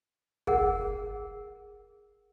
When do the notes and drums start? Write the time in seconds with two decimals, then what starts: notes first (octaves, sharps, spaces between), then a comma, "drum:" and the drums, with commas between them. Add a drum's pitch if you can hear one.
0.47 G#4 A#4 F#5, drum: kick